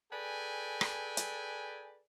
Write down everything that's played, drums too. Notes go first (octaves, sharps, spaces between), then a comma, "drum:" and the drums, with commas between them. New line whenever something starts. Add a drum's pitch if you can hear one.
G#4 A4 B4 D5 G5 G#5
drum: rim click
drum: hi-hat